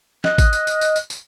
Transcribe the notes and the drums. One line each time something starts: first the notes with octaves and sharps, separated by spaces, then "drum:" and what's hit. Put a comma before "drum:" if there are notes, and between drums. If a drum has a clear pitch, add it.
D#5 F#6, drum: snare
drum: kick G#1, tambourine
drum: tambourine
drum: tambourine
drum: tambourine
drum: tambourine
drum: tambourine